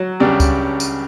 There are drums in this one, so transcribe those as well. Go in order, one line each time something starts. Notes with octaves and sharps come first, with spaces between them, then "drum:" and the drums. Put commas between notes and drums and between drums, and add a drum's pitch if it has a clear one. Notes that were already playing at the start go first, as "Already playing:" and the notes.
Already playing: F#3
C#2 C#3 G3 D4 G4
drum: kick C#2, tambourine
drum: tambourine